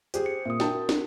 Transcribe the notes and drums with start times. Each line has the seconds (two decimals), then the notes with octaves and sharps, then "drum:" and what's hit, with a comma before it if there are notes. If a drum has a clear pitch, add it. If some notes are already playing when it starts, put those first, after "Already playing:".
0.14 G4 G#4 C5, drum: hi-hat
0.26 C#7
0.45 A#2 E5 D#6
0.60 F#4 A#4 G5 A5, drum: snare
0.89 drum: snare